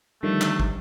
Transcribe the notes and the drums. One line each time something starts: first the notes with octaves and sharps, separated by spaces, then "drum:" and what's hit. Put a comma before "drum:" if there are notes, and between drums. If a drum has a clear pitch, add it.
D3 D#3 F3 G3 A3
drum: clap
drum: kick